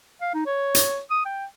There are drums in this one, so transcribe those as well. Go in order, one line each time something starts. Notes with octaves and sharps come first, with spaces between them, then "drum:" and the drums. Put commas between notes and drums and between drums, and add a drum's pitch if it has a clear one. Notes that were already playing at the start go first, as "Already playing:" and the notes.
F5
D#4
C#5
drum: hi-hat
D#6
G5